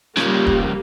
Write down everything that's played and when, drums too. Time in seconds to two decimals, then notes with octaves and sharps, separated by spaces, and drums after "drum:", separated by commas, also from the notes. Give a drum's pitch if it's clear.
0.17 C#3 F3 G3 A#3, drum: rim click
0.47 drum: kick D#1